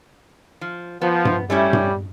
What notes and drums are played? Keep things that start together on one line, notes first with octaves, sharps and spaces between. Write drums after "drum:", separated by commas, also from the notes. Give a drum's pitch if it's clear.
F3
F3 B3
drum: tom G2
G3 A3 C#4 E4
drum: tom G2